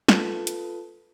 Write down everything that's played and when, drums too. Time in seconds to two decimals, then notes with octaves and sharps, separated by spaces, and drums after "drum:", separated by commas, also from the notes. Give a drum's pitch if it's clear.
0.08 F4 A4 B4, drum: snare
0.47 drum: hi-hat